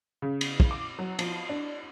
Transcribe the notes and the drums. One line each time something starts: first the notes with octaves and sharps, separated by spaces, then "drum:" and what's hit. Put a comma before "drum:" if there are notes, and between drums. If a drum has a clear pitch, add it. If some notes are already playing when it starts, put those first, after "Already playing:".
C#3
drum: cymbal
drum: kick
D6
F#3
F3, drum: cymbal
D4